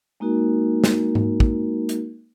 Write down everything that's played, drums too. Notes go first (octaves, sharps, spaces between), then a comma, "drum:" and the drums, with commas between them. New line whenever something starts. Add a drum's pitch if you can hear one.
G#3 A#3 D#4 F#4 A#4
drum: snare
drum: tom G#2
drum: kick
drum: hi-hat